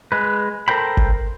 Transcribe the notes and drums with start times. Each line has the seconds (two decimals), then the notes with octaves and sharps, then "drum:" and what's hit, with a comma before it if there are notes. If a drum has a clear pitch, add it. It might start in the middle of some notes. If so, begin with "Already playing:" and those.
0.12 G#3 B4
0.68 A4 A#4 C5 G5 B5
0.97 drum: kick G1